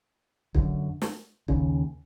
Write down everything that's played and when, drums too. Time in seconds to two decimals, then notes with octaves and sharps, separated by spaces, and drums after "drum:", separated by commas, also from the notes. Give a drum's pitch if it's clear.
0.55 F#2 D3, drum: kick
1.02 drum: snare
1.48 D#2 C#3, drum: kick